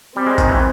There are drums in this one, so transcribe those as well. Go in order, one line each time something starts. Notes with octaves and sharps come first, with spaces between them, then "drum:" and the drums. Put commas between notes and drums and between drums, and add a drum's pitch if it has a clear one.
G3 C4
G#3
D#3, drum: kick A1, tambourine
E3